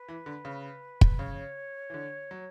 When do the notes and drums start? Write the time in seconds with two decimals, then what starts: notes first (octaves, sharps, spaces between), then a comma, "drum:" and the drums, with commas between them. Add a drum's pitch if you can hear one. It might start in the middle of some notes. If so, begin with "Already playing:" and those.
Already playing: B4
0.08 E3
0.26 D3
0.45 C#3
1.01 drum: kick
1.19 C#3 C#5
1.90 E3
1.94 D3
2.31 F#3